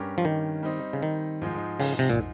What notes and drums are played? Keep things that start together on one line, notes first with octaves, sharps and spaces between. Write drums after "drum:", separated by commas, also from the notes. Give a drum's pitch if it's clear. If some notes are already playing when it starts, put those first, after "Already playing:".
Already playing: G2 G3 C#4 G4 A#4
F3
D#3
G3 C4 D#4
C#3
D#3
G#2 F3 G#3 D#4
C#3, drum: open hi-hat
C3
A#2, drum: tom